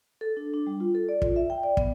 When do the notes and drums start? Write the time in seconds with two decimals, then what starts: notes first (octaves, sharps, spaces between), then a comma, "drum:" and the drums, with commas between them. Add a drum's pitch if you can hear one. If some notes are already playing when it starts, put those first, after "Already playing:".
0.21 A4
0.37 D4
0.54 D4
0.67 G3
0.80 F4
0.95 A4
1.09 D5
1.22 F4, drum: kick
1.36 E5
1.50 G5
1.63 D5
1.77 B3, drum: kick